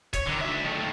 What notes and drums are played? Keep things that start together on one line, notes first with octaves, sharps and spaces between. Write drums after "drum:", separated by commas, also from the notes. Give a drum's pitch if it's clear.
C#5, drum: kick C#1, hi-hat
D3 D#3
D4 E5
D#3 A3